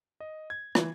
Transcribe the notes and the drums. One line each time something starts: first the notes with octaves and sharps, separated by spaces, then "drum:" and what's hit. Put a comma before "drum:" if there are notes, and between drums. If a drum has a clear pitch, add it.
D#5
G#6
E3, drum: rim click